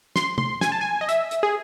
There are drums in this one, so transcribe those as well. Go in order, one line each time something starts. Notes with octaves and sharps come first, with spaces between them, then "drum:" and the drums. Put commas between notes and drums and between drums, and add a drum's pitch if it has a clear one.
C6, drum: snare
C6, drum: tom
G#5, drum: snare
A5
G#5
D#5
E5, drum: hi-hat
drum: hi-hat
G#4